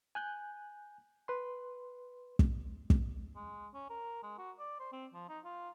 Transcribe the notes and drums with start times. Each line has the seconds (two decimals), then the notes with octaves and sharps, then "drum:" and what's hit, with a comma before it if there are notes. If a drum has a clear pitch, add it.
0.15 G#5 F#6 G6
1.28 B4 C6
2.39 drum: kick
2.90 drum: kick
3.36 G#3
3.74 C#4
3.90 A#4
4.23 G#3
4.38 F#4
4.59 D5
4.80 C5
4.92 C4
5.13 F3
5.29 D#4
5.45 F4